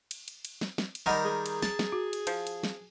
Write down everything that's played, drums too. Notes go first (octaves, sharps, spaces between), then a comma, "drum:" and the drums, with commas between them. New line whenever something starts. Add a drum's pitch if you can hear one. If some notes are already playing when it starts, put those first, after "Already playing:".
drum: cymbal
drum: cymbal
drum: cymbal
drum: snare
drum: snare
drum: cymbal
D#3 G3 A#4 D#5 F#5 A#5
G#4
drum: cymbal
A5, drum: snare
drum: snare
F#4
drum: cymbal
F3, drum: cymbal
drum: cymbal
drum: snare